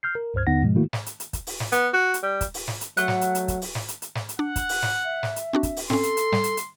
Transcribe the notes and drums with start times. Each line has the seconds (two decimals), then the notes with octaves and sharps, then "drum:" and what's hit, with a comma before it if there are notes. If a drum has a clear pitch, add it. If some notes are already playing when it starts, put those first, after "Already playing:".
0.03 F6 G6 C7
0.15 A#4
0.34 C#2 G2 C5 F6 G#6
0.47 D#2 D3 B3 D#4 F#5 A#6
0.63 G#2 B2 F3 G#3
0.76 D#3 A3 A#3 E4 F#4
0.93 drum: snare
1.06 drum: hi-hat
1.20 drum: hi-hat
1.33 drum: kick, hi-hat
1.47 drum: open hi-hat
1.60 drum: snare
1.72 B3, drum: hi-hat
1.94 F#4
2.14 drum: hi-hat
2.23 G3
2.41 drum: kick, hi-hat
2.54 drum: open hi-hat
2.68 drum: snare
2.81 drum: hi-hat
2.97 F#3 A3 F#5, drum: hi-hat
3.08 drum: snare
3.21 drum: hi-hat
3.35 drum: hi-hat
3.48 drum: kick, hi-hat
3.62 drum: open hi-hat
3.75 drum: snare
3.88 drum: hi-hat
4.02 drum: hi-hat
4.15 drum: snare
4.29 drum: hi-hat
4.39 D4 F#5
4.56 drum: kick, hi-hat
4.69 drum: open hi-hat
4.82 drum: snare
5.05 E5
5.23 drum: snare
5.36 drum: hi-hat
5.53 C4 D4 F#4
5.63 drum: kick, hi-hat
5.77 drum: open hi-hat
5.90 C4 C#4 A4 C6, drum: snare
6.03 drum: hi-hat
6.17 drum: hi-hat
6.32 G3, drum: snare
6.44 drum: hi-hat
6.57 drum: hi-hat